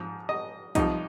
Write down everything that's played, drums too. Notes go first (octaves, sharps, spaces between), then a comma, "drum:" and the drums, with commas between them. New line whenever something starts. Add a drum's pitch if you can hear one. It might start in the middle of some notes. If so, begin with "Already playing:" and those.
Already playing: G#2 F3
D#5
C2 C3 F3 D#4, drum: kick B1, hi-hat